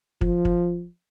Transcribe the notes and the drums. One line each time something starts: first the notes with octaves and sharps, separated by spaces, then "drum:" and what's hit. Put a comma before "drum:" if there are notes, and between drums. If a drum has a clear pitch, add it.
F3, drum: kick
drum: kick